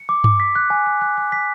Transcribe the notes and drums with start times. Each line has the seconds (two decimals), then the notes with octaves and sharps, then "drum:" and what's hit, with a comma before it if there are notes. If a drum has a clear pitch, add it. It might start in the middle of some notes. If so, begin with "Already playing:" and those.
Already playing: C#7
0.09 D6
0.24 D6, drum: tom G2
0.40 B6
0.55 F#6
0.70 G#5
0.87 F#6
1.01 F#6
1.17 F#6
1.32 B6